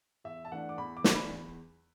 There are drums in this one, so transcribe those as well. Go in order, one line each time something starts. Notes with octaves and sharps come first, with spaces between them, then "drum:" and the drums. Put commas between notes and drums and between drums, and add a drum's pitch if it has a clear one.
E2 E5
A5
E3 A3 D4 F#5
D6
E2 B5
D6
E3 A3 D4, drum: snare
B5
E2